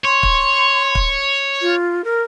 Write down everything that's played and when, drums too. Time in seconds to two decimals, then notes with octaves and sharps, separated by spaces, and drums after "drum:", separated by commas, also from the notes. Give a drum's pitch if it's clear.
0.05 C#5 C6
0.23 drum: kick
0.95 drum: kick
1.61 F4
2.04 A#4